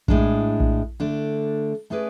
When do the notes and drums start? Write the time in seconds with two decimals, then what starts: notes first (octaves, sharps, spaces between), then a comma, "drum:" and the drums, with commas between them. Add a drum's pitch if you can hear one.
0.08 A2 G#3 D4, drum: kick A#1
0.60 drum: kick A#1
1.00 D3 A3 D4
1.90 A3 C#4 G#4 B4 D5